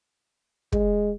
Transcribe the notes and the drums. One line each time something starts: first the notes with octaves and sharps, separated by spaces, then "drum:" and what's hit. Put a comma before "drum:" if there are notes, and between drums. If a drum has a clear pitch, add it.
G#3, drum: kick